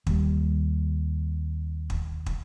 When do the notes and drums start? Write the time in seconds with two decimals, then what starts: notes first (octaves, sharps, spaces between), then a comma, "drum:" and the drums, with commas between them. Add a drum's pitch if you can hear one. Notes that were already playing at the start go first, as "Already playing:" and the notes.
0.07 D#2 G3, drum: kick
1.90 drum: kick
2.26 drum: kick